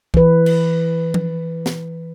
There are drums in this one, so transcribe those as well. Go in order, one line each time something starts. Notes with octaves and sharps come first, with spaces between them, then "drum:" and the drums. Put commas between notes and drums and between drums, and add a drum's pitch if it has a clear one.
E3 B4, drum: kick
drum: cymbal
drum: tom
drum: snare